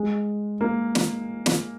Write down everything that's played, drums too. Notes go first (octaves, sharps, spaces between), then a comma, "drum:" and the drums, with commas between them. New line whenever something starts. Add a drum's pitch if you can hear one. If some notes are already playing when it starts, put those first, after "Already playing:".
Already playing: G#3
A#3
drum: snare
drum: snare